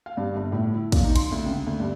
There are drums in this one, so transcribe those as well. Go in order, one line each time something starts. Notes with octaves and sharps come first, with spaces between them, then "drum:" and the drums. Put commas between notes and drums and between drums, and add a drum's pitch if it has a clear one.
F5
G2
G1
A2
E4
A#2, drum: kick, cymbal
D#4
C6, drum: cymbal
D2
C#2
D2
G2